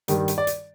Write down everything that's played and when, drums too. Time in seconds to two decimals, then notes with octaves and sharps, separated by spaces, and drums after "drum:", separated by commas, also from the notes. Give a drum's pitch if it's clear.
0.08 G2 D#3 G3, drum: hi-hat
0.28 drum: hi-hat
0.38 D5
0.47 drum: hi-hat